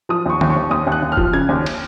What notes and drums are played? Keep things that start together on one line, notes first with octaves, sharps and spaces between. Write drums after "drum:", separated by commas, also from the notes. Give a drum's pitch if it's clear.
F3 D#6
D#2 C#6
D#2, drum: tom
C#6
D#2
D#2 D#6
D#2
F#6
D#2
F6
F3, drum: kick E1
C#3 G#6
D#2
drum: cymbal